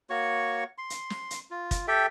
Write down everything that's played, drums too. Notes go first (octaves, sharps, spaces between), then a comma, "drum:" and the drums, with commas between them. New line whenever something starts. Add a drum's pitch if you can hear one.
A#3 F#4 C#5 C#6
C6
drum: hi-hat
drum: snare
drum: hi-hat
F4
drum: kick, hi-hat
G4 A4 E5 G5